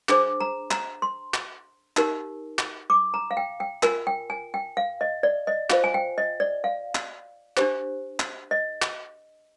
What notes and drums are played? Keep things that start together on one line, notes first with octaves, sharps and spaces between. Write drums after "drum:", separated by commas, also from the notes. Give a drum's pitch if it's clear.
D4 G#4 C5 D6, drum: clap
A#5
A#5, drum: clap
C6
drum: clap
D#4 G4 A#4, drum: clap
drum: clap
D6
A#5
F5
G5
G5
F4 A#4 G#5, drum: clap
G5
G#5
G5
F5
D#5
D5
D#5
F4 C5 F5, drum: clap
G#5
G5
D#5
D5
F5
drum: clap
D4 G4 C5, drum: clap
drum: clap
D#5
drum: clap